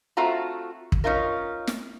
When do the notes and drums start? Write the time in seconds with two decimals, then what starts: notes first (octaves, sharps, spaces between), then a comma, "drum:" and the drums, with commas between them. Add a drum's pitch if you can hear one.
0.17 A3 C4 F4 F#4 A#5
0.92 drum: kick
1.04 C#4 D#4 F4 A#4
1.67 drum: snare